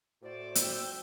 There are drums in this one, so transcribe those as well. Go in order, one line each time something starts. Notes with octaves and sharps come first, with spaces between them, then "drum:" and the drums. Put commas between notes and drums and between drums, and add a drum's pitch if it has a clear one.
A2 F#4 C5 D5
G5 E6, drum: hi-hat